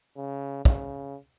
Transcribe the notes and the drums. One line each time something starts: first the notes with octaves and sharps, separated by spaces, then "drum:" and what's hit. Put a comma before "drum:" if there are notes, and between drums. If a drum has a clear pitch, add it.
C#3
C#3, drum: kick